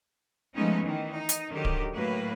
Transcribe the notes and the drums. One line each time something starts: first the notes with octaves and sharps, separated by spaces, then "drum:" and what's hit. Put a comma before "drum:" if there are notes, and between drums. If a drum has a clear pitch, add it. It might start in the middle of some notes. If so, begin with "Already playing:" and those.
F3 G#3 A3 B3 C#4 D#4
D#3 E3
D#4
drum: hi-hat
D3 D#3 F#3 G4
drum: kick D1
A2 F#3 A#3 B4